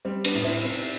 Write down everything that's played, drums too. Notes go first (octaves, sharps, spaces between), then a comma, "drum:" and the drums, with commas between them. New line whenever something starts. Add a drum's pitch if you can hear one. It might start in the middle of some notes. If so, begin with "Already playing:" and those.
G3 C4
B3 D4, drum: cymbal
A2
C4 E4
C3 C4